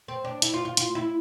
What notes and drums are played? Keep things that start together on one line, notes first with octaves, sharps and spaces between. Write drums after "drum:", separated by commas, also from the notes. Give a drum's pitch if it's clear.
C4
D4
E4, drum: hi-hat
F4
F4
F4, drum: hi-hat
E4